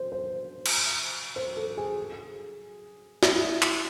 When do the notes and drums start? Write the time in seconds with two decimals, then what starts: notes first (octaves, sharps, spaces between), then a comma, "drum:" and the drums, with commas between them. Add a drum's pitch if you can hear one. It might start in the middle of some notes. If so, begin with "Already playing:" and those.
Already playing: C5
0.12 C5
0.66 drum: cymbal
1.36 C5
1.56 A4
1.77 G#4
3.23 E4, drum: snare
3.62 drum: clap